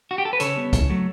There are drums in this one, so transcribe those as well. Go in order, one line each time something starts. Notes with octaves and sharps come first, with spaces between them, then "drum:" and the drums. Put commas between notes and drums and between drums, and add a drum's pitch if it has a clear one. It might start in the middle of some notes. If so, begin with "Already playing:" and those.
F#4
G4
A4
B4
C#3 A4 C#5, drum: hi-hat
G3 B3
C#3, drum: kick, hi-hat
F#3 A3